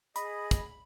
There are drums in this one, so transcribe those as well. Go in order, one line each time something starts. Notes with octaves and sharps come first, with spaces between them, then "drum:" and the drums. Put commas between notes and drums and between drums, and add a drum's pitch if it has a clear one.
G#4 D#5 B5, drum: hi-hat
drum: kick, hi-hat